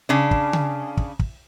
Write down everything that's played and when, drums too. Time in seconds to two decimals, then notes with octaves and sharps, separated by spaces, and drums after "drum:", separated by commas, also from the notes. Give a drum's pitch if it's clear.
0.09 C#3 D4
0.31 drum: kick
0.53 drum: tom C#3
0.97 drum: kick
1.19 drum: kick